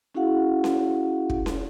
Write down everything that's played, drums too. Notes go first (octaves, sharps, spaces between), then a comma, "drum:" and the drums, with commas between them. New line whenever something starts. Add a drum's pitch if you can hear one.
C#4 E4 F#4 G#4 F5 F#5
drum: snare C#4
drum: kick
drum: snare C#4